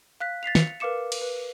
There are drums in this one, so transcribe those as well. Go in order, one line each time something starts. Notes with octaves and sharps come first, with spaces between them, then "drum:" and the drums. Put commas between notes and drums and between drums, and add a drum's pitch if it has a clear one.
F5 F#6 B6
A6 B6 C7 F7
C#7 F7, drum: snare
A#4 B4 F5 D6 C#7 E7
drum: cymbal
B4